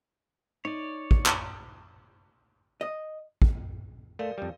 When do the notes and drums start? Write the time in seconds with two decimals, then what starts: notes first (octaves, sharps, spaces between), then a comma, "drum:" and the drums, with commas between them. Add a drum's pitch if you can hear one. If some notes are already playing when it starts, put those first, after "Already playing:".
0.65 D#4 C#5 D5
1.11 drum: kick
1.26 drum: clap
2.81 D#5
3.42 drum: kick
4.19 A3 A#4 D5 F5
4.38 F2 G3